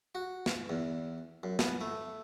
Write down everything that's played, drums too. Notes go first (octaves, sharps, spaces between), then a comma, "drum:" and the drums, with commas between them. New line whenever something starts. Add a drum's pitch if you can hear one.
F#4
drum: snare
E2
F#2
B3, drum: snare
A3